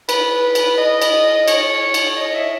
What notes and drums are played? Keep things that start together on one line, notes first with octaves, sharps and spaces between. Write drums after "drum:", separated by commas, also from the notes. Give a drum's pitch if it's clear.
B4, drum: cymbal
drum: cymbal
D#5
drum: cymbal
C#5, drum: cymbal
drum: cymbal
D#5
E5